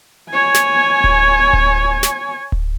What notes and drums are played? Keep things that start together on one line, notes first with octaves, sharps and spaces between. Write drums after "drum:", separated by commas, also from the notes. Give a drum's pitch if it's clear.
C#5 G#5
drum: snare
drum: kick D1
drum: kick D1
drum: snare
drum: kick D1